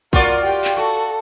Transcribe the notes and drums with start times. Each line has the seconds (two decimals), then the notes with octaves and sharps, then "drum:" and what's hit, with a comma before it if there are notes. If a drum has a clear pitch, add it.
0.13 F4 F#4 A#4 D5 F#5, drum: kick
0.44 G4 G5
0.64 drum: clap
0.77 F#4 A4